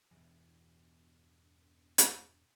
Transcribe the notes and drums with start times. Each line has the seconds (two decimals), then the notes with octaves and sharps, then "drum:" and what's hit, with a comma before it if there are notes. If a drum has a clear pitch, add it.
0.11 E2 G2 B2 E3
1.98 drum: hi-hat